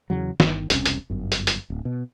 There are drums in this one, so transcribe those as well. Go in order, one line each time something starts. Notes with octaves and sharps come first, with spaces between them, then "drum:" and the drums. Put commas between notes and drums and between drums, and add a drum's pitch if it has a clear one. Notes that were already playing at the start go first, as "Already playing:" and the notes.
E2 C#3 F#3
G1 D#3, drum: snare
E1 C2 C3 C#4, drum: hi-hat
drum: hi-hat
G1 F#2
drum: hi-hat
drum: hi-hat
D1
B2